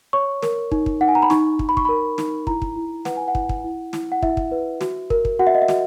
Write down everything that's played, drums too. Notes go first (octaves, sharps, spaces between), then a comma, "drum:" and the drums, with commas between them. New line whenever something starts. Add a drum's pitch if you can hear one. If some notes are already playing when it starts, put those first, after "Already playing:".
C#5 C#6
A#4, drum: snare
D#4, drum: kick
drum: kick
D#4 F#5
G#5
A#5
B5
D#4 C#6, drum: snare
D#4, drum: kick
B5
C#6, drum: kick
A#4 B5
D#4, drum: snare
E4 A#5, drum: kick
drum: kick
E4
B4 F#5, drum: snare
G#5
F#5
E4, drum: kick
drum: kick
E4
E4, drum: snare
F#5
E4 E5, drum: kick
drum: kick
B4
F#4, drum: snare
A#4, drum: kick
drum: kick
F#4 F#5
E5
D#5
E5
F#4, drum: snare